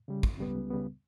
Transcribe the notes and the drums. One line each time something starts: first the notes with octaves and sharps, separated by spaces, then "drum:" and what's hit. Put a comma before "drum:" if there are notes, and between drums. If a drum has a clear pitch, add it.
C#3 G3
C#2, drum: kick
C#3 G3 B3
C#2
C#3 G3 B3